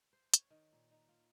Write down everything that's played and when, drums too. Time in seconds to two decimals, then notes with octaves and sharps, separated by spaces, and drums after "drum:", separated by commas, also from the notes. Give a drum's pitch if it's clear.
0.13 C5
0.34 C#5, drum: hi-hat
0.50 D#3
0.73 A#2
0.91 D#4
1.09 F4